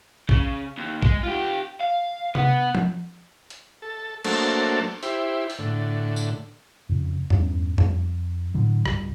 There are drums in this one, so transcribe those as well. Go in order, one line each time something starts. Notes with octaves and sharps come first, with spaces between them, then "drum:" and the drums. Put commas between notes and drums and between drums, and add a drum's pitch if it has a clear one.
C#3, drum: kick
D#2
G#3, drum: kick
F4 G4
F5
B3 F#5, drum: tom C3
drum: tom F3
drum: hi-hat
A4
F#3 A3 A#3 D4 A4 C5, drum: cymbal
E4 G4 C5, drum: open hi-hat
drum: open hi-hat
A2 D3
drum: tambourine
F2 C#3
E2 G2 C#4, drum: tom F2
F2, drum: tom F2
A2 D3 F#3
C#2 G2, drum: rim click